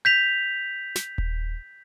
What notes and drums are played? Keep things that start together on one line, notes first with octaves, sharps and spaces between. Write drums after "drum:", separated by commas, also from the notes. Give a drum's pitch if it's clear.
G6 B6 F7
drum: snare
drum: kick D#1